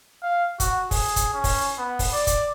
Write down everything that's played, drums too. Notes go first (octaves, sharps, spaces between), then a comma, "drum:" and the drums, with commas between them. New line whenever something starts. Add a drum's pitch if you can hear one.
F5
F#4, drum: kick, hi-hat
G#4, drum: kick, open hi-hat
drum: kick, hi-hat
C#4
drum: kick, open hi-hat
B3
drum: kick, open hi-hat
D5
drum: kick, hi-hat